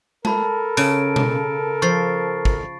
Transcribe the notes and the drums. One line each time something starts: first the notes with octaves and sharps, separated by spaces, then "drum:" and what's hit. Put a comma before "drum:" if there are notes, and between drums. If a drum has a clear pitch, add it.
A4 A#4 A5 B5, drum: tom G#3
C#3 D7, drum: tambourine
drum: tom B2
F3 C#6 A6 C7
drum: kick